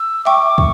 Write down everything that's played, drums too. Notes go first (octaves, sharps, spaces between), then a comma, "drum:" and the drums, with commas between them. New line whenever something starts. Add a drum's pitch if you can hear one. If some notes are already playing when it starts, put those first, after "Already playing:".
Already playing: E6
E5 G5 C#6 D6
C#6, drum: kick